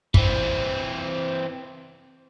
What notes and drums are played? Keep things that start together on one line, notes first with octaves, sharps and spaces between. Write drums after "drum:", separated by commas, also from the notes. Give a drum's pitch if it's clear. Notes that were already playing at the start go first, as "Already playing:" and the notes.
E3 C4, drum: kick